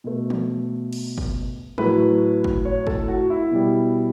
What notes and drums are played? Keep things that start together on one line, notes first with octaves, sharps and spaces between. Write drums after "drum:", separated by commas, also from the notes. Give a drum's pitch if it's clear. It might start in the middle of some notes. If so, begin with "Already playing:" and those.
B2 A3
drum: tom E3
drum: cymbal
drum: kick
A2 F#3 A3 B4, drum: tom E3
drum: kick
C#5
A4, drum: kick
F#4
E4
B2 G3